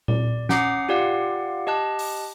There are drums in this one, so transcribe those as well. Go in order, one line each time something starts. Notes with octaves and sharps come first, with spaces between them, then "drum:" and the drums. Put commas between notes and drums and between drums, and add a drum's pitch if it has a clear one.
D5, drum: tom A#2
C#4 F#5 A#5 D6 D#6 C7, drum: snare
F4 G4 D5 F5 F#5
G4 D#5 A5 F#6
drum: open hi-hat